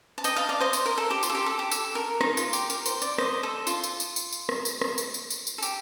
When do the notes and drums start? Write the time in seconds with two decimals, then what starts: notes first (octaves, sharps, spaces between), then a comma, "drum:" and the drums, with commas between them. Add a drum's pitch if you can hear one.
0.18 A5
0.24 D#5 G5, drum: tambourine
0.36 F5 A5
0.49 D5 F5
0.60 C5 D#5
0.73 C5, drum: tambourine
0.86 A#4
0.98 A4
1.11 G4
1.23 F4, drum: tambourine
1.30 A4
1.35 G4
1.46 A4
1.59 G4
1.71 A4, drum: tambourine
1.95 A#4
2.21 D#4, drum: rim click
2.37 F4, drum: tambourine
2.53 G4, drum: tambourine
2.70 A#4, drum: tambourine
2.86 C5, drum: tambourine
3.02 D5, drum: tambourine
3.18 C5 D#5, drum: rim click
3.43 A4
3.67 F4, drum: tambourine
3.84 drum: tambourine
4.00 drum: tambourine
4.16 drum: tambourine
4.33 drum: tambourine
4.49 drum: rim click
4.65 drum: tambourine
4.81 drum: rim click
4.98 drum: tambourine
5.14 drum: tambourine
5.30 drum: tambourine
5.47 drum: tambourine
5.58 A4
5.62 G4, drum: tambourine